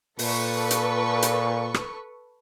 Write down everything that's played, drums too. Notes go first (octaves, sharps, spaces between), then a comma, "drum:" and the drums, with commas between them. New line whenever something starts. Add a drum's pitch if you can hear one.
A#2 A4 B4 C#6, drum: open hi-hat
drum: hi-hat
drum: hi-hat
drum: rim click